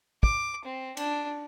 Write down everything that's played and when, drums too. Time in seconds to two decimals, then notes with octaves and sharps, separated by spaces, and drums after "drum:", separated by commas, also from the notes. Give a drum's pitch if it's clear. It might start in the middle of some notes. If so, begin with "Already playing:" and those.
0.23 D6, drum: kick
0.65 C4
0.97 D4, drum: cymbal